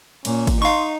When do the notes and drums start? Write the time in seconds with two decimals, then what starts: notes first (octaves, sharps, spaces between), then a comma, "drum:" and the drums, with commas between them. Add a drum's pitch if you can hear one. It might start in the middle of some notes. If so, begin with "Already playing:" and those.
0.25 A#2 C#4, drum: cymbal
0.47 drum: kick G#1, cymbal
0.62 D#4 F5 C6 C#6